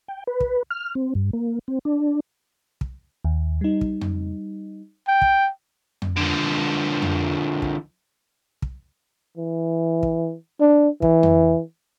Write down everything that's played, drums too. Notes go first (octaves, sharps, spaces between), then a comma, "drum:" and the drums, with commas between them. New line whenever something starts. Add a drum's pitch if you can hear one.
G5
B4
drum: kick
F6
C4
G2
A#3
C4
D4
drum: kick
D#2
G3 D#4
drum: kick
drum: tom F2
G5
drum: kick
drum: tom F2
D3 F3
drum: tom F2
drum: kick
drum: kick
E3
drum: kick
D4
E3, drum: kick
drum: tom F2